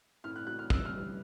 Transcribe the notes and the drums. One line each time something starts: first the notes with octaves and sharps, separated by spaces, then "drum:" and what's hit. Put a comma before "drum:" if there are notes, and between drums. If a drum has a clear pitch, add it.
A2 F6
F#6
F#3 F#6
F6
G2 E6, drum: kick
F6
E3 G3